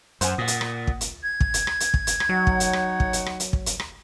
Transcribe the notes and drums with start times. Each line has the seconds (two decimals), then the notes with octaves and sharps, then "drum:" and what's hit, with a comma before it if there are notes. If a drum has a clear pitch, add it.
0.21 F#2 C5 F#5 G#5, drum: hi-hat
0.38 A#2 F#5 D#6
0.48 drum: hi-hat
0.61 drum: rim click
0.87 drum: kick
1.01 drum: hi-hat
1.22 G#6
1.41 drum: kick
1.54 drum: hi-hat
1.67 drum: rim click
1.80 drum: hi-hat
1.94 drum: kick
2.07 drum: hi-hat
2.20 drum: rim click
2.29 F#3 D#4 C#5 F#5
2.47 drum: kick
2.60 drum: hi-hat
2.73 drum: rim click
3.00 drum: kick
3.13 drum: hi-hat
3.26 drum: rim click
3.40 drum: hi-hat
3.53 drum: kick
3.66 drum: hi-hat
3.80 drum: rim click